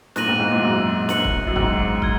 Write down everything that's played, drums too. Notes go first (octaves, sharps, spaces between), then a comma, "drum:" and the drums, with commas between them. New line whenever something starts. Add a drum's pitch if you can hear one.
A#2 F#6 A#6 D#7 F#7, drum: snare
G#2
G#2
A#2
F#2
F#6 C#7 F#7, drum: snare
drum: kick
F#2
G#2, drum: kick
F6 G#6, drum: kick